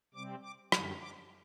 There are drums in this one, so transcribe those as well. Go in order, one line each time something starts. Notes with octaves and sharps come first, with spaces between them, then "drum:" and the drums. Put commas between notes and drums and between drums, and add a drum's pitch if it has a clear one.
C3 G3 C4 D6
D6
F#2 D3 G3 D#6, drum: rim click
D6